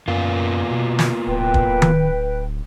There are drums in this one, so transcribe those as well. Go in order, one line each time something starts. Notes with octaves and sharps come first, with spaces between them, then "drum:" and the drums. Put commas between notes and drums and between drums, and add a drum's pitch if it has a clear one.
F#2 A#3 B3 F4
B2
drum: snare
D1 B4 G5
drum: kick
drum: tom D#3